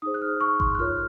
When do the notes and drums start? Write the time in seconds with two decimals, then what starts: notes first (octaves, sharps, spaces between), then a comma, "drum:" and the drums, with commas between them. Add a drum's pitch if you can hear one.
0.02 D#4 G#4 C5 D#6
0.14 F#6
0.22 F6
0.40 C#6
0.60 C6, drum: kick G#1
0.75 F#6
0.79 F4 A#4 C#5 F6